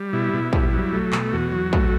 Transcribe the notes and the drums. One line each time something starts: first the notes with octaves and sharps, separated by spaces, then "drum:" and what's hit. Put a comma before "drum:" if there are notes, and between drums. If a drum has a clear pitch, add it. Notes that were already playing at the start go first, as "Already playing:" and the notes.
Already playing: G3
B2 E4
B2
G3, drum: kick
F#3
A3
B2, drum: clap
E2 F#4
F#3
A3, drum: kick